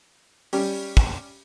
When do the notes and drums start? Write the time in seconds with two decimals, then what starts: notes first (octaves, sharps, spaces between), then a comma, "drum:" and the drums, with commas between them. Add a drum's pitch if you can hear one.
0.53 G3 C#4 G4, drum: open hi-hat
0.97 drum: kick